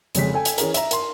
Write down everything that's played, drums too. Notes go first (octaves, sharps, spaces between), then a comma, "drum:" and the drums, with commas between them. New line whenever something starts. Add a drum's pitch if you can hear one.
F1 F2 C#3 G#3 B6, drum: hi-hat
A4 G5 G#5
drum: hi-hat
E3 C#4 G#4 A#4, drum: hi-hat
E5 A#5, drum: hi-hat
A#4 C6, drum: hi-hat